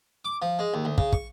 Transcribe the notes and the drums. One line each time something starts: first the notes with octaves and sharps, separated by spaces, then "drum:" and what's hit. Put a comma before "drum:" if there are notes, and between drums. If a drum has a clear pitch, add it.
D6
F3
G#3
D#2
D2
C#3, drum: kick
C#6, drum: kick